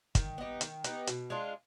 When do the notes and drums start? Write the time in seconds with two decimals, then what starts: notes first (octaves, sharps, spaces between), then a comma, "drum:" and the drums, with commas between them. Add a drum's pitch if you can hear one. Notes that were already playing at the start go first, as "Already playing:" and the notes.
0.15 D#3, drum: kick, hi-hat
0.38 B3 D#4 G4
0.61 D#3, drum: hi-hat
0.84 B3 D#4 G4, drum: hi-hat
1.07 B2, drum: hi-hat
1.30 G#3 D4 F4